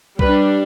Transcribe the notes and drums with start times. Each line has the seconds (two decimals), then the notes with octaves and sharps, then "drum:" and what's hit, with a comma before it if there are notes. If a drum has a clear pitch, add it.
0.19 G3 D4 B4, drum: kick C2